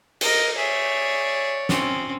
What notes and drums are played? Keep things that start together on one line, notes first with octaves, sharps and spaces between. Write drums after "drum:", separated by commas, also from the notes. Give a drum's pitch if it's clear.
A#4 D#5, drum: cymbal
G#4 C#5 D5 E5
C4 C#4, drum: snare